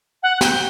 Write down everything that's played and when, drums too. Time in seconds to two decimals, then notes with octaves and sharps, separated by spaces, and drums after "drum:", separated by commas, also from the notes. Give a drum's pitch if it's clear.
0.22 F#5
0.36 F#5
0.41 G5, drum: snare